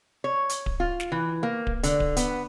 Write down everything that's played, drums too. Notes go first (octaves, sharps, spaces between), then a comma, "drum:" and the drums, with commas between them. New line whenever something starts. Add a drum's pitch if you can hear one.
C#5
drum: hi-hat
drum: kick D1
F4
drum: snare
E3
A#3
drum: kick D1
D3, drum: hi-hat
drum: kick D1
B3, drum: hi-hat